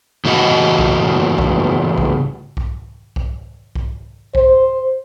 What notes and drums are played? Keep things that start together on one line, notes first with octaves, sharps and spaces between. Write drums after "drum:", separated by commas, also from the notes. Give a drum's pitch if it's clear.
A2 C#3 E3 F#4 D#5 F#5
drum: kick
drum: kick
drum: kick
drum: kick
drum: kick
drum: kick
C5, drum: kick